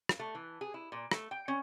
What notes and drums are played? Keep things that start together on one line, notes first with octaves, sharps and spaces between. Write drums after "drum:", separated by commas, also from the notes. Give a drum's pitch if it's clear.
drum: rim click
A3
E3
G#4
E4
A#2
A3, drum: rim click
G5
C#4